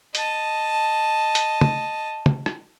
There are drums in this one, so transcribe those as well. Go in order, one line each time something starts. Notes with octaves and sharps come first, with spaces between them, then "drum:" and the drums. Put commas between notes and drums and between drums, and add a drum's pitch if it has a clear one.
D#5 A5, drum: hi-hat
drum: hi-hat
drum: tom
drum: tom
drum: rim click